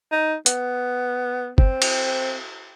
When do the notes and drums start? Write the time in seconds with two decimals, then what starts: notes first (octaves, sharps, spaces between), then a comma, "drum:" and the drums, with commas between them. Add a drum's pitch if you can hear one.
0.12 D#4
0.46 B3, drum: hi-hat
1.58 C4, drum: kick G1
1.82 drum: cymbal